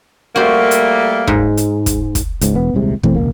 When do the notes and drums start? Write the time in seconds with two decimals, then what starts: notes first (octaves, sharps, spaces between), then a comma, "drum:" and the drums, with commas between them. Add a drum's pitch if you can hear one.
0.36 G3 A3 A#3 F#4 C5
0.71 drum: hi-hat
1.27 G#2, drum: kick
1.57 drum: hi-hat
1.86 drum: kick, hi-hat
2.15 drum: kick, hi-hat
2.41 C#2 G#2, drum: hi-hat
2.55 E1 B3
2.74 D#1 C2 C3 G#3
3.03 B2 E3 A3 C4, drum: kick
3.16 E1 C#2 A#3